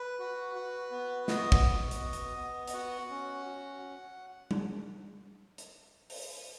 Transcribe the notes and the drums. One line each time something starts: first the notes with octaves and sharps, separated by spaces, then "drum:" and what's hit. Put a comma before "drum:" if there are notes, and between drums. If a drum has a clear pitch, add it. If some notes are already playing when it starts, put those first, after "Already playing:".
Already playing: B4
F#4
F#4
B3
B3 D#5, drum: snare
drum: kick
F#4
drum: hi-hat
B3
drum: hi-hat
B3
D#5, drum: hi-hat
F#4 F#5
C#4
F#4
drum: tom G3
drum: hi-hat
drum: open hi-hat